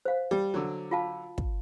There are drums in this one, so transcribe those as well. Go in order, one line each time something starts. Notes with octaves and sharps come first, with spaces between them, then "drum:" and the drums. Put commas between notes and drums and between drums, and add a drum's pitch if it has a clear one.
C5 F5
G3
D3 F#3
F4 F5 A5
drum: kick